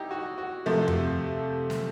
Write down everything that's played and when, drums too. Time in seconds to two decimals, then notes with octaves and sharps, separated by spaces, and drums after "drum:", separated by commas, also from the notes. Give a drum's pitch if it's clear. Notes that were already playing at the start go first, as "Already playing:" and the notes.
Already playing: D#4 E4 G4
0.11 F#4
0.38 F#4
0.66 C3 F3 A3
0.88 drum: tom F2
1.70 drum: snare